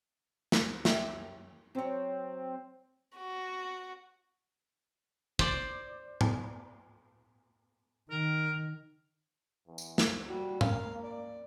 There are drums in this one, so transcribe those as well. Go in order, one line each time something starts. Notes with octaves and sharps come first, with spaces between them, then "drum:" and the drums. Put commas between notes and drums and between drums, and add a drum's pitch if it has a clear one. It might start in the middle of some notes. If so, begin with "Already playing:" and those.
drum: snare
F#2 G4 E5, drum: snare
F#3 C4 C#5
F#4
C5 D5, drum: kick
drum: tom A2
D#3 A#4
E2
drum: tambourine
drum: snare
G3 F#4
A#3 F5, drum: tom A2
D5